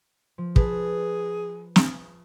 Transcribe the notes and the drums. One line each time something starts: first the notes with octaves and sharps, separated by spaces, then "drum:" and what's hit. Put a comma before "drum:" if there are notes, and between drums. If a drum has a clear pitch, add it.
F3
G#4 B4 A5, drum: kick
drum: snare